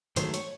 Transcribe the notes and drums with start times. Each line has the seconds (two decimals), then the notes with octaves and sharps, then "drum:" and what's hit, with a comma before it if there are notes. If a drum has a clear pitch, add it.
0.16 G#2 D#3 F#3 A3 C5, drum: hi-hat
0.34 C#5, drum: hi-hat